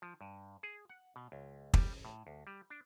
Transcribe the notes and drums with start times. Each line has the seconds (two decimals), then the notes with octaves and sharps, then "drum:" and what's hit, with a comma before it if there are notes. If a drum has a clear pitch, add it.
0.02 F3
0.21 G2
0.63 G#4
0.89 F#5
1.16 B2
1.32 C#2
1.74 G3, drum: kick
2.05 A2
2.27 D2
2.47 G3
2.70 D4